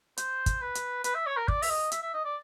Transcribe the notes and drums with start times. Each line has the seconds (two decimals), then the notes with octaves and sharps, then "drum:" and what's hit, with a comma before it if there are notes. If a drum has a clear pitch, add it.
0.17 C5, drum: hi-hat
0.46 drum: kick, hi-hat
0.61 B4
0.75 drum: hi-hat
1.04 B4, drum: hi-hat
1.15 E5
1.26 C#5
1.37 A#4
1.48 D5, drum: kick
1.62 E5, drum: open hi-hat
1.70 D#5
1.92 E5, drum: hi-hat
2.02 E5
2.14 D#5
2.25 D5